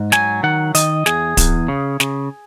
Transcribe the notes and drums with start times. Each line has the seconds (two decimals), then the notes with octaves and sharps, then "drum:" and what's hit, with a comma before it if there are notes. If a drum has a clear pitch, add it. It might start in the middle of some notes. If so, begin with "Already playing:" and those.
Already playing: G#2
0.12 F#3 G#5, drum: snare
0.43 D#3 F#5
0.75 D#3 D#5, drum: hi-hat
1.06 E2 G#4, drum: snare
1.37 E2, drum: kick D1, hi-hat
1.68 C#3
2.00 C#3, drum: snare